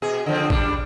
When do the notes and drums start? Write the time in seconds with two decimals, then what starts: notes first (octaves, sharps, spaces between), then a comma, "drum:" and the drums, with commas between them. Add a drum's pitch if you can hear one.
0.02 B2 G#4
0.26 D3 F3 C4
0.50 G3 D4, drum: kick